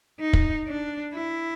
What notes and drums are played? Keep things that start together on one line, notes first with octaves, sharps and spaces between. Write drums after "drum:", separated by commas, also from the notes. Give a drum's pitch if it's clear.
D#4
drum: kick
D4
E4